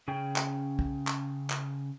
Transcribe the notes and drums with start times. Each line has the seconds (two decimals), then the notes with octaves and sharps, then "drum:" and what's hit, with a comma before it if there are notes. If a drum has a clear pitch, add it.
0.08 C#3 C#4 G#4 G5
0.36 drum: clap
0.79 drum: kick B1
1.07 drum: clap
1.50 drum: clap